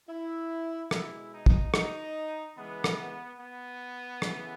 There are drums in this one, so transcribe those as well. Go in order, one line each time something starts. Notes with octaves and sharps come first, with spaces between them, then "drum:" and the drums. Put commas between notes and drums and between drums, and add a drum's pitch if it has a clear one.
E4
B2 G#3 E4, drum: rim click
D#4
drum: kick
D#4, drum: rim click
C#3 E3 G#3 B3
drum: rim click
B3
C#3 E3 A3, drum: rim click